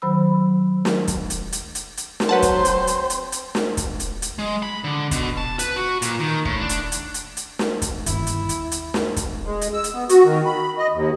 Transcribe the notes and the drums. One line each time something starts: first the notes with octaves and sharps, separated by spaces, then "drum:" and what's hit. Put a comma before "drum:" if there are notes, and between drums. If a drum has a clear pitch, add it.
D#3 F#3 C5 B5 E6
drum: snare
drum: kick, hi-hat
drum: hi-hat
drum: hi-hat
drum: hi-hat
drum: hi-hat
drum: snare
F#3 B4 C5 F#5 A5
drum: kick, hi-hat
C4, drum: hi-hat
drum: hi-hat
drum: hi-hat
drum: hi-hat
drum: snare
drum: kick, hi-hat
drum: hi-hat
drum: hi-hat
G#3
B5
D3
B2, drum: kick, hi-hat
A5
B4, drum: hi-hat
F#4
A#2, drum: hi-hat
D#3
A2, drum: kick
D4
drum: hi-hat
drum: hi-hat
drum: hi-hat
drum: hi-hat
drum: snare
drum: kick, hi-hat
G1 D#2 E4, drum: hi-hat
drum: hi-hat
drum: hi-hat
drum: hi-hat
drum: snare
drum: kick, hi-hat
G#3
drum: hi-hat
E6
drum: hi-hat
B3
F#4, drum: hi-hat
D#3
B5
D#5
D#2